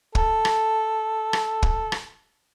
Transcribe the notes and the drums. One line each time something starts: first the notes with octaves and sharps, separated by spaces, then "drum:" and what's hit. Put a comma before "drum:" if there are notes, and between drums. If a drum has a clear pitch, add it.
A4, drum: kick
drum: rim click
drum: rim click
drum: kick
drum: rim click